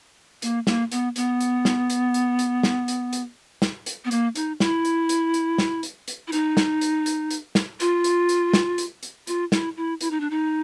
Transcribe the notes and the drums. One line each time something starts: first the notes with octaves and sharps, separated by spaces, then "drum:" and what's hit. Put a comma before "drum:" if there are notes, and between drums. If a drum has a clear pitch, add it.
A#3, drum: hi-hat
A#3, drum: snare
B3, drum: hi-hat
B3, drum: hi-hat
drum: hi-hat
drum: snare
drum: hi-hat
drum: hi-hat
drum: hi-hat
drum: snare
drum: hi-hat
drum: hi-hat
drum: snare
drum: hi-hat
B3
A#3, drum: hi-hat
D#4, drum: hi-hat
E4, drum: snare
drum: hi-hat
drum: hi-hat
drum: hi-hat
drum: snare
drum: hi-hat
drum: hi-hat
E4
D#4, drum: hi-hat
drum: snare
drum: hi-hat
drum: hi-hat
drum: hi-hat
drum: snare
F4, drum: hi-hat
drum: hi-hat
drum: hi-hat
drum: snare
drum: hi-hat
drum: hi-hat
F4, drum: hi-hat
E4, drum: snare
E4
E4, drum: hi-hat
D#4
D4
D#4